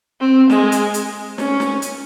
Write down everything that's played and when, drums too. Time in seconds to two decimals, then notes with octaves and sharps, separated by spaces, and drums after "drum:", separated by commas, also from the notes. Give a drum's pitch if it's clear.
0.20 C4
0.50 G#3, drum: snare
0.72 drum: hi-hat
0.94 drum: hi-hat
1.38 C#4, drum: snare
1.60 drum: snare
1.82 drum: hi-hat